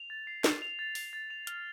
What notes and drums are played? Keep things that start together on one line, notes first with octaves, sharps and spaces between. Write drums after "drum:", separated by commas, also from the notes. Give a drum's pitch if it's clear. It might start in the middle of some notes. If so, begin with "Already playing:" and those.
Already playing: F7
A6
C7
A6, drum: snare
F7
A6
C7, drum: open hi-hat
A6
F7
F6, drum: hi-hat